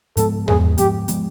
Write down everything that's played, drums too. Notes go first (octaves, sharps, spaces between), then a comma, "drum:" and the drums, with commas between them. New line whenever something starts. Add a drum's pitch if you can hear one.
G#2 F3 G#3 B3 A4, drum: hi-hat
G#2 F3 G#3 B3 G#4, drum: tom E2
G#2 F3 G#3 B3 G4, drum: hi-hat
F3 G#3 B3, drum: hi-hat